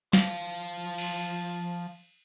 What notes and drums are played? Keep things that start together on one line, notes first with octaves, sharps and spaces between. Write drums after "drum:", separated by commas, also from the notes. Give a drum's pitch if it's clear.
F3 F5, drum: snare
drum: cymbal